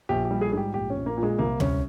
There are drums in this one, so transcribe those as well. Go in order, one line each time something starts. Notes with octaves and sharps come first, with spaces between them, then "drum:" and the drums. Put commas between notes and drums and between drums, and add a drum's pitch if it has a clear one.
A#1 G4
G4
G3
G#4
G#2 G4 G#4
A#1 G4
C#4
A#1
A#3
A#2
G#3
C2 A#3
C2 C#4, drum: tom D2